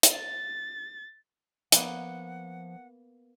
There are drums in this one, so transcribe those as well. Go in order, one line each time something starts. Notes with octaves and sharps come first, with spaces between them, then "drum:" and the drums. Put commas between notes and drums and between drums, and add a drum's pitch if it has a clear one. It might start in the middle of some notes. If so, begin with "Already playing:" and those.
drum: hi-hat
A6
F3 A#3 B3 F#5, drum: hi-hat